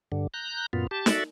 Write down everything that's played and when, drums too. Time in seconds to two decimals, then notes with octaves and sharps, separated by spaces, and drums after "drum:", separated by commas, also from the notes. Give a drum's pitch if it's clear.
0.12 G2 D3
0.34 A#5 F#6 G6
0.73 F#2 A#2 B3 F4
0.91 G4 A5
1.06 F#4 A4 D5 E5, drum: snare